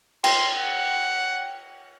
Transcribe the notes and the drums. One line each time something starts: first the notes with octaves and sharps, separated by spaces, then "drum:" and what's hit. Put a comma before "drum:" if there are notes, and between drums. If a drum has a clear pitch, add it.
G5 C6, drum: cymbal
F#5